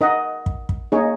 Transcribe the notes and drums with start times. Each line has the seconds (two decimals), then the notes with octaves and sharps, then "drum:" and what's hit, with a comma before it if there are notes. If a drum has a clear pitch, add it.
0.01 D#4 A#4 D#5 F#5
0.46 drum: kick
0.69 drum: kick
0.92 A#3 D#4 G#4 C#5